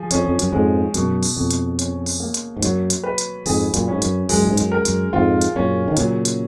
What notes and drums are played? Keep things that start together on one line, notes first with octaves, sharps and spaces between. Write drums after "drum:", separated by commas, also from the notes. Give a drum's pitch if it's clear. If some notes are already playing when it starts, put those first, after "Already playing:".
Already playing: F3 G#4
F2 C#4, drum: hi-hat
F2
F#2, drum: hi-hat
F2 G#2 G#3
F#2 B2, drum: hi-hat
drum: open hi-hat
F2 B2
drum: hi-hat
C#4, drum: hi-hat
drum: open hi-hat
A#3
drum: hi-hat
G#2
F#2 F#3, drum: hi-hat
drum: hi-hat
B4
drum: hi-hat
F2 G#2 G#4, drum: open hi-hat
F#2 A#2, drum: hi-hat
G#2 C#4
F#2, drum: hi-hat
F#2 G#3, drum: open hi-hat
A#2
G#2
F#2, drum: hi-hat
A#4
F#2, drum: hi-hat
F2 G#2 F4
drum: hi-hat
F#2 A#2 C#4
D#3
A#2 C#3 F#3, drum: hi-hat
drum: hi-hat